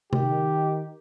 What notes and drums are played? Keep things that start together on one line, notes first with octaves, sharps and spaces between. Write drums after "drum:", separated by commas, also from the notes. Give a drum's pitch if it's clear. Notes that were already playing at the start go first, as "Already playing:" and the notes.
D#3 G4, drum: tom C3